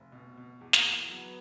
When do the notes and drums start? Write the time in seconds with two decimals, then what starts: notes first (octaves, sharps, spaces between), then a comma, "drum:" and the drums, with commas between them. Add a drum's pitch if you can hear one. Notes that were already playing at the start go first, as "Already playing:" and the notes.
Already playing: F1
0.12 B2
0.37 B2
0.61 E2
0.73 A#3, drum: snare
0.85 E2
1.09 F#3 B3